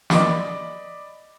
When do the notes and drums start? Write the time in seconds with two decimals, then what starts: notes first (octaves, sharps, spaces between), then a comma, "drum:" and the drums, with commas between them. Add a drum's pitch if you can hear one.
0.10 D5 D#5 B5 D6, drum: snare